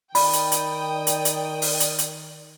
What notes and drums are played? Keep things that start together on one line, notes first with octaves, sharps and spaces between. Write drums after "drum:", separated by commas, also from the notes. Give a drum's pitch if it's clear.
D#3 D5 G5 B5 D#6, drum: open hi-hat
drum: hi-hat
drum: hi-hat
drum: hi-hat
drum: hi-hat
drum: open hi-hat
drum: hi-hat
drum: hi-hat